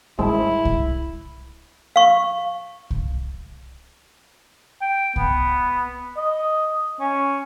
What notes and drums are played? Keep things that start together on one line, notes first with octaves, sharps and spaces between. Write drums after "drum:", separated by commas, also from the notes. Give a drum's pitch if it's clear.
G3 G#3 E4
drum: kick C2
F5 C#6
drum: kick C2
G5
B3, drum: kick C2
D#5
C#4